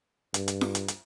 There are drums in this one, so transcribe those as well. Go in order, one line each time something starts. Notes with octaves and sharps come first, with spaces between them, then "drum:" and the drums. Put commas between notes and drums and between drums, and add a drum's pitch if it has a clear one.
G2, drum: hi-hat
drum: hi-hat
drum: snare F4
drum: hi-hat
drum: hi-hat